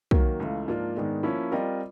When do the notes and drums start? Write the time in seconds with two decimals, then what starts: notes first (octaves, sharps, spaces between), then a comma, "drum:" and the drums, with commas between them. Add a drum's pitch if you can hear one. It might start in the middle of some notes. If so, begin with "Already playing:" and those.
0.11 D#3 F#3 A#3, drum: kick
0.40 C#2 C#3 E3 A3
0.68 G#2 F3 A#3 D4 F4
0.95 G#2 D#3 G#3 B3 D4
1.23 F3 A#3 C#4 E4
1.52 G3 C4 F4 A#4 D#5